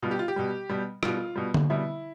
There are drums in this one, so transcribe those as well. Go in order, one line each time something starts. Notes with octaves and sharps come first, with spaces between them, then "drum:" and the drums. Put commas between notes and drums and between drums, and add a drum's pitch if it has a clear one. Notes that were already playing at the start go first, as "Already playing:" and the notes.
B2 G3 F4
G4
F4
G4
B2 G3
B2 G3
B2 G3 F4, drum: rim click
B2 G3
drum: tom D3
B2 G3 E4